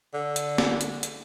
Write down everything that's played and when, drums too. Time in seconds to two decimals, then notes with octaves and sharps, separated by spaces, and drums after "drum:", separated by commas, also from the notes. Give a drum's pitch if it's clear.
0.14 D3
0.36 drum: hi-hat
0.58 drum: snare
0.81 drum: hi-hat
1.03 drum: hi-hat